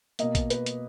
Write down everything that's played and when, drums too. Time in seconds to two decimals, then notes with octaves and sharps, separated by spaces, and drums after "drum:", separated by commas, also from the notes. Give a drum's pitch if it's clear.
0.19 B2 A#3 D#5, drum: hi-hat
0.35 drum: kick A#1, hi-hat
0.50 B4, drum: hi-hat
0.66 drum: hi-hat